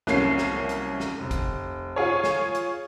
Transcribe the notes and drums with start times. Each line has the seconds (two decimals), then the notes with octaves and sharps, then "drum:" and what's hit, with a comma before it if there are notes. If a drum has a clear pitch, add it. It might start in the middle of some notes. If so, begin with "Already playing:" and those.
0.07 C2 F#3 A#3 C#4 C7, drum: snare
0.38 drum: snare
0.69 drum: hi-hat
1.00 drum: snare
1.19 F1
1.31 drum: kick, hi-hat
1.96 F4 G#4 C#5
2.24 drum: snare
2.55 drum: hi-hat